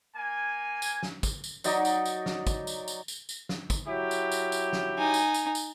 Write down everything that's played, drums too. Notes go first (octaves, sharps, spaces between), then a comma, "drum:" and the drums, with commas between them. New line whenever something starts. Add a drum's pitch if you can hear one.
A#3 G#5
drum: tambourine
drum: snare
drum: kick, tambourine
drum: tambourine
F#3 D#4 D5 D#5, drum: tambourine
drum: tambourine
drum: tambourine
drum: snare
drum: kick, tambourine
drum: tambourine
drum: tambourine
drum: tambourine
drum: tambourine
drum: snare
drum: kick, tambourine
F#3 E4 G4
drum: tambourine
drum: tambourine
drum: tambourine
drum: snare
D#4 G#5
drum: tambourine
drum: tambourine
drum: tambourine